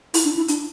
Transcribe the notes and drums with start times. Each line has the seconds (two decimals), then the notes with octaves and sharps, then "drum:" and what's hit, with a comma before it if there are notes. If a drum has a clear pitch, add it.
0.14 E4, drum: open hi-hat
0.25 D4
0.37 E4
0.48 D4, drum: hi-hat